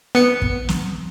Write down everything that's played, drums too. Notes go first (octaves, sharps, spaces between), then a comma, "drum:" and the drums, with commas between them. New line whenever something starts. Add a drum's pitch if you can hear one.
B3 C#7
drum: kick
drum: snare